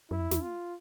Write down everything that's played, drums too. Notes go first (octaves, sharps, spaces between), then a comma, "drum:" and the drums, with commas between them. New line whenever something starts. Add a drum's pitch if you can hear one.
F#2 E4
F2
E2, drum: snare
F4